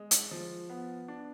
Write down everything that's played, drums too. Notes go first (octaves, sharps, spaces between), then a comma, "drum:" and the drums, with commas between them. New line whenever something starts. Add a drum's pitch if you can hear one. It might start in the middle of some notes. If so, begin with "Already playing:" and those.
Already playing: G#3
drum: hi-hat
F3
B3
D4